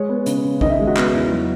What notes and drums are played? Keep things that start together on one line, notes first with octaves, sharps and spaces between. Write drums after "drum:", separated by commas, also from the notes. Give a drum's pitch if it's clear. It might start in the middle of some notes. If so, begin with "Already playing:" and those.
Already playing: G#3 C#5
B3
C#3, drum: hi-hat
C#3
D#3 D#5, drum: kick
E5
G#3
F#4
B3, drum: clap
E2
F#3